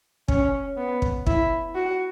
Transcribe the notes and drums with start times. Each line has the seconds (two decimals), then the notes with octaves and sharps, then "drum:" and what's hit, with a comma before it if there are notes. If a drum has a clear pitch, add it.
0.28 C#4, drum: kick
0.77 B3
1.02 drum: kick
1.26 E4, drum: kick
1.75 F#4